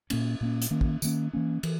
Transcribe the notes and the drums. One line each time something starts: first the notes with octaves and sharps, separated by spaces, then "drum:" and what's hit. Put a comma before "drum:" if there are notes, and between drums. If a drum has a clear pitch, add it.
A#2 A#3 C#4, drum: cymbal
A#2 A#3 C#4
drum: hi-hat
D#3 A#3 C#4
drum: kick
D#3 A#3 C#4, drum: tambourine
E3 A#3 C#4
E3, drum: cymbal